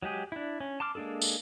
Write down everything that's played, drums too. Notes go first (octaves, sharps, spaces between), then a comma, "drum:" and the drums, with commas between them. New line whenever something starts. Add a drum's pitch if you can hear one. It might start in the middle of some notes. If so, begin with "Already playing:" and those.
F#3 G#3 G4 G#4
D4 E4
C#4
A5 C6 D6 F6
G#3 A#3 D4 G#4 A4
drum: tambourine